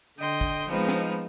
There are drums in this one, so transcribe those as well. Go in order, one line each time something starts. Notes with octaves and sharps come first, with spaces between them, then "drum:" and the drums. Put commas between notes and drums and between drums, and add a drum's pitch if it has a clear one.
D3 D#5 G5 C6
drum: kick
F3 G#3 B3 C4 D#4 B4
drum: snare